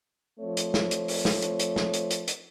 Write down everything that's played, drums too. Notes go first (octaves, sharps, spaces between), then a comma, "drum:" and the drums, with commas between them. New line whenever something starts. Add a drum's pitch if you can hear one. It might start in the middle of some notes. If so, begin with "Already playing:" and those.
F3 A3 C4 C#5
drum: hi-hat
drum: snare
drum: hi-hat
drum: open hi-hat
drum: snare
drum: hi-hat
drum: hi-hat
drum: snare
drum: hi-hat
drum: hi-hat
drum: hi-hat